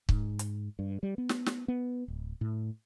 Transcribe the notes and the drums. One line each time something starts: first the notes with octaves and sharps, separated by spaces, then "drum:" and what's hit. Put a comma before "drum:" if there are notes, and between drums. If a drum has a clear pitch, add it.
G#2, drum: kick
drum: hi-hat
G2
G3
B3
drum: snare
drum: snare
B3
D1
A2